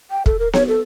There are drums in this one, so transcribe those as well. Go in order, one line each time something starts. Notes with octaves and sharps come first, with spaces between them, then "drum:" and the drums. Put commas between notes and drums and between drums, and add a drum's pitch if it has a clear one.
G5
A4, drum: kick
A#4
C#5, drum: snare B3
A4